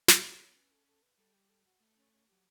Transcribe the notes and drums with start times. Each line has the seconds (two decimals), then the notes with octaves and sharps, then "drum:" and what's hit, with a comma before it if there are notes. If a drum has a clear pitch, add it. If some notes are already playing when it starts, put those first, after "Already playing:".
0.08 C#5, drum: snare
0.24 D4
0.34 C#4
0.44 B3
0.55 C#4 B4
0.71 A4
0.87 A4
1.02 B4
1.18 G3 A4
1.34 G4
1.49 A4
1.65 F#4
1.80 A3
1.96 C#4
2.12 C#4
2.27 F#3 G4